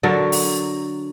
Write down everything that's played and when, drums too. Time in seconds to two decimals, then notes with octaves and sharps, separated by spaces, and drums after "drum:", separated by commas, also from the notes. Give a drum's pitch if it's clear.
0.03 D3 F#3 A4 A#4
0.32 drum: open hi-hat